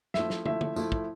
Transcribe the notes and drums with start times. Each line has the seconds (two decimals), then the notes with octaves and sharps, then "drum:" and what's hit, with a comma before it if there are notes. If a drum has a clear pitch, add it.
0.14 F3 A3 E4 E5, drum: snare
0.30 drum: snare
0.45 F3 A3 E4 E5, drum: tom
0.61 drum: tom
0.76 F3 A3 E4, drum: tambourine
0.92 drum: kick